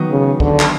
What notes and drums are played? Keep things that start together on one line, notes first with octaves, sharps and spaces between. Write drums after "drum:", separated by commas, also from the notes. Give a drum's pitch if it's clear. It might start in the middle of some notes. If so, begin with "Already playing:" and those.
Already playing: D#3 F#3 B3 D#4
C#3
D3, drum: kick
drum: clap